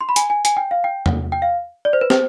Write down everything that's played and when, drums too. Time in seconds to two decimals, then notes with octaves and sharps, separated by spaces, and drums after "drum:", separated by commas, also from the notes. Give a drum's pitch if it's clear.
0.01 C6
0.09 B5
0.16 G#5, drum: hi-hat
0.30 G#5
0.45 G#5, drum: hi-hat
0.57 G5
0.71 F5
0.84 G5
1.06 drum: tom
1.32 G5
1.42 F5
1.85 D5
1.93 C5
2.01 B4
2.10 C5, drum: snare